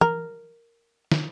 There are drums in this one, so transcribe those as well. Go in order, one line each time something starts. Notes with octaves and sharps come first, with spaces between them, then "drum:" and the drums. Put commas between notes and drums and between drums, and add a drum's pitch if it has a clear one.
A#4, drum: tom
drum: snare